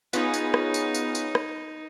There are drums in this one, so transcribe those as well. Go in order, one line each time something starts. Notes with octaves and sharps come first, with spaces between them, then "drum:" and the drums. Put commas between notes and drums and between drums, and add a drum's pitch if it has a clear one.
B3 C#4 D#4 F4 G#4 B4, drum: tambourine
drum: tambourine
drum: rim click
drum: tambourine
drum: tambourine
drum: tambourine
drum: rim click